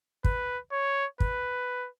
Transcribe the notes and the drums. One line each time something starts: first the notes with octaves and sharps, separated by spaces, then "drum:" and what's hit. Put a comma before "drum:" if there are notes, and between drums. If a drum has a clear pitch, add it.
B4, drum: kick
C#5
B4, drum: kick